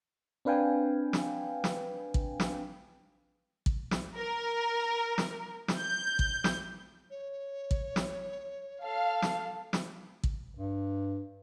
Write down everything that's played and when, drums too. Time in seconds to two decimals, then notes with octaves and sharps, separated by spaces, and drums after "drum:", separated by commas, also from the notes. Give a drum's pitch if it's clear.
0.45 C4 D4 B4 F5 G5 G#5
1.13 drum: snare
1.64 drum: snare
2.14 drum: kick
2.40 drum: snare
3.66 drum: kick
3.91 drum: snare
4.17 A#4
5.18 drum: snare
5.68 drum: snare
5.79 G6
6.19 drum: kick
6.44 drum: snare
7.11 C#5
7.71 drum: kick
7.96 drum: snare
8.83 A4 F5
9.22 drum: snare
9.73 drum: snare
10.24 drum: kick
10.56 G2